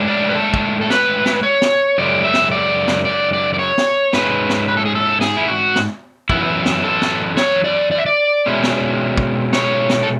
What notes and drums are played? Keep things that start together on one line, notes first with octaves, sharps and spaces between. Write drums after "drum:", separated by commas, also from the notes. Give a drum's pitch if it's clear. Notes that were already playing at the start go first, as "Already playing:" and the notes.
Already playing: A2 G#3 D4
D5
B4
A4
drum: kick
A4
B4, drum: snare
drum: snare
C#5
drum: snare
F#2 C#3 G#3 D5
E5
drum: snare
D5
drum: snare
D5
D5
D5
C#5
drum: snare
G#2 G#3 C#4 B4, drum: snare
drum: snare
B4
A4
G#4
A4
G#4, drum: snare
E4
F#4
drum: snare
F#2 E3 B3 E4, drum: kick
drum: snare
A4
drum: snare
C#5, drum: snare
D5
D5
E5
D5
B2 G#3 C#4 E4
drum: snare
drum: kick
C#5, drum: snare
drum: snare
A4